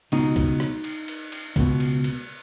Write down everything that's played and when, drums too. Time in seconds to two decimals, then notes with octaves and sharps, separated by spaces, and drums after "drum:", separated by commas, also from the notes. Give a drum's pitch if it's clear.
0.12 C#2 B2 D#4, drum: cymbal
0.36 drum: kick C2, cymbal
0.60 drum: rim click
0.84 drum: cymbal
1.08 drum: cymbal
1.32 drum: cymbal
1.56 C#2 B2, drum: kick C2, cymbal
1.80 drum: cymbal
2.04 drum: cymbal